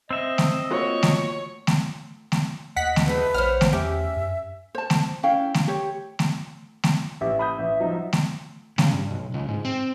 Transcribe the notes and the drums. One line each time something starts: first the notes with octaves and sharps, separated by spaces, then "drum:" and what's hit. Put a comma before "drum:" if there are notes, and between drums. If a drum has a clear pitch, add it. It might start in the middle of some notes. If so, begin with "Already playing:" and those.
C4 D#5 E5
drum: snare A3
A#3 F4 F#4 C#5
drum: snare A3
drum: snare A3
drum: snare A3
D#2 D#5 F#5 B6
drum: snare A3
A3 D#4 G#4 B4
A#1 C5 C#5 F#5 F6
drum: snare A3
E2 C#4 G4 E5
F#2
C5 A5
drum: snare A3
C#4 E4 F5 G5
drum: snare A3
G4 C#5
drum: snare A3
drum: snare A3
A1 G4 E5
B5 D#6 G6
A1
F3 F#3 D#4
drum: snare A3
C#3, drum: snare A3
G2
B1
C#2
G#2
C4